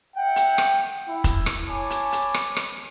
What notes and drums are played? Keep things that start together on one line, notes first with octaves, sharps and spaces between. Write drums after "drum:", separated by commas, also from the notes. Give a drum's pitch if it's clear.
E5 F#5 G5
drum: hi-hat
drum: rim click
E4
drum: kick F1, hi-hat
drum: rim click
C#5 G#5 A5 B5 D6
drum: hi-hat
drum: hi-hat
drum: rim click
drum: rim click